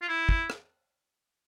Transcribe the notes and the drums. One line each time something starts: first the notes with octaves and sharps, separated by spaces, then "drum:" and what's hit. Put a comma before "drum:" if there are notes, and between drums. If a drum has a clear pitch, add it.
F4
E4
drum: kick
drum: rim click